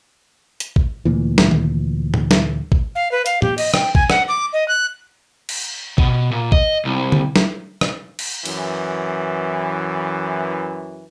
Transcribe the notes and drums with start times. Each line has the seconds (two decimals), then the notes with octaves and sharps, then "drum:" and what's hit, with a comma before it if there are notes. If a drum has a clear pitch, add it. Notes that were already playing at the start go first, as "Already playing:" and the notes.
0.60 drum: hi-hat
0.76 drum: kick A1
1.05 D2 A#2 E3
1.38 drum: snare
1.51 drum: tom D#3
2.14 drum: tom A2
2.31 drum: snare
2.72 drum: kick A1
2.95 F5
3.12 B4
3.26 F5, drum: hi-hat
3.42 G4, drum: tom A2
3.58 D#5, drum: cymbal
3.74 G5, drum: rim click
3.95 G#5, drum: kick A1
4.10 F#5, drum: rim click
4.28 D6
4.53 D#5
4.68 F#6
5.49 drum: cymbal
5.98 B2, drum: kick A1
6.31 A#2
6.52 D#5, drum: kick A1
6.85 C2
7.12 drum: tom D3
7.36 drum: snare
7.81 drum: rim click
8.19 drum: cymbal
8.45 F#2 E3, drum: cymbal